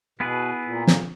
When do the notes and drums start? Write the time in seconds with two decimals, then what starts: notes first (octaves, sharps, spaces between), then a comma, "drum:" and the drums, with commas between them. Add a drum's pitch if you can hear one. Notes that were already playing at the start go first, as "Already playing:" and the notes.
0.19 B2 B3 E4 G#4 B4
0.64 A#2
0.87 drum: snare